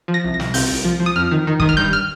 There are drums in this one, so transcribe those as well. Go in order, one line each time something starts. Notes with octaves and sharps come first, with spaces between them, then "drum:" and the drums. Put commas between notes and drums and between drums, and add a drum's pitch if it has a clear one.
F3
A#6
C2
A#6
C2, drum: snare
C3 G6, drum: open hi-hat
C2
F3
F3
D#6
F2 F6
D#3
D#3
D#3 D#6, drum: kick
F6
G2 G6
F6